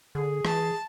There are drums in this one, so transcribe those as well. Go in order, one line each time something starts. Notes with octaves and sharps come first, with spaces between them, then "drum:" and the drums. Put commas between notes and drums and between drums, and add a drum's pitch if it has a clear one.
D3 G#4
E3 A5, drum: rim click